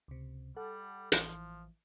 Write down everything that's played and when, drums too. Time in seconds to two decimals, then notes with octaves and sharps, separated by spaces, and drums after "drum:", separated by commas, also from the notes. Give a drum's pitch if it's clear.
0.08 C#2 C3
0.56 G3 A4 F#5
1.12 A1 E3 F3, drum: hi-hat